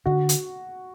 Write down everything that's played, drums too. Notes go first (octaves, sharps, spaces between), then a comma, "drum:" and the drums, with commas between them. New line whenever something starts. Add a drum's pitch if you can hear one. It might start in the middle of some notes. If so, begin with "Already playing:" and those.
D3 F#4
drum: hi-hat